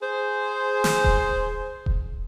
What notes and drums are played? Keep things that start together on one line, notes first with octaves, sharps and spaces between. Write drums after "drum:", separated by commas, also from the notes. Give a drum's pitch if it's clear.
G#4 C5
drum: snare
drum: kick D#1
drum: kick D#1